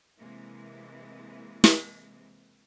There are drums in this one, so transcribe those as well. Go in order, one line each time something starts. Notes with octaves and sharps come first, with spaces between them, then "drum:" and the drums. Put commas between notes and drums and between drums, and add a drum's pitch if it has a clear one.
C3 E3 G#3 A#3
drum: snare